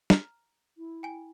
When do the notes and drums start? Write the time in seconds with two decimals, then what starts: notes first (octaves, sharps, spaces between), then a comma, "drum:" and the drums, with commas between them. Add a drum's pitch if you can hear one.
0.10 A#5 F6, drum: snare
0.78 E4
1.03 G5 G#5